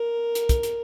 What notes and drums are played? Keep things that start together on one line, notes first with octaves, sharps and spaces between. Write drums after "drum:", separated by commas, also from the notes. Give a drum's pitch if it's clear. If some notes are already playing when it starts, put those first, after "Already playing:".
Already playing: A#4
drum: hi-hat
drum: kick, hi-hat
drum: hi-hat